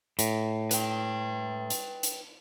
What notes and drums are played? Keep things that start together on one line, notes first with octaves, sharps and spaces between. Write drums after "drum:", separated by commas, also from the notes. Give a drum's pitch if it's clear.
A2, drum: hi-hat
B4 G5, drum: hi-hat
drum: hi-hat
drum: hi-hat